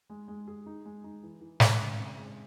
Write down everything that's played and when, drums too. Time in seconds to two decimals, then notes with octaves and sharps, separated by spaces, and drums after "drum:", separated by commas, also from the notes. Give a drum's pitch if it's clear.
0.10 G#3
0.28 G#3
0.48 G#4
0.66 D#4
0.85 G#3
1.04 D#4
1.23 E3
1.41 E3
1.60 G#3, drum: snare
1.79 C#3
1.99 C4
2.17 G#3